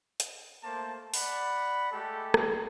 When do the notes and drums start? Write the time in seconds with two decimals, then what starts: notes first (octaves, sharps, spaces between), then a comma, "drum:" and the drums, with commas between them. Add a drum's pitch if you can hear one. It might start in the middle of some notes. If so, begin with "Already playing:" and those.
0.20 drum: hi-hat
0.63 A3 A#3 C5 A5
1.14 D5 F#5 B5, drum: open hi-hat
1.91 G#3 A3 G4 A4
2.34 drum: rim click